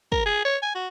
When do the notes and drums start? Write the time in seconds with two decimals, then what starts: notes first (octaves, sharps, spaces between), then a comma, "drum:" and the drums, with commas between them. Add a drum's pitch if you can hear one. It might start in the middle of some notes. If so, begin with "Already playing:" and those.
0.12 A#4, drum: kick
0.26 G#4
0.45 C#5
0.62 G#5
0.75 F#4